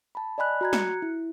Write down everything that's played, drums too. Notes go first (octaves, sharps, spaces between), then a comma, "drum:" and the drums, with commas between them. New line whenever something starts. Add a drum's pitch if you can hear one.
A5 B5
D5 D#5 G#5 B5 F#6
F#4 A#5 G#6
F#6 C#7, drum: snare
E4